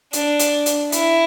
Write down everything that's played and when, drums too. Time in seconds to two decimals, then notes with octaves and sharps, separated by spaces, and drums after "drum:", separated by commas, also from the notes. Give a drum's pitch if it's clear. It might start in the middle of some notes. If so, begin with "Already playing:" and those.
0.13 D4, drum: hi-hat
0.39 drum: hi-hat
0.66 drum: hi-hat
0.92 E4, drum: hi-hat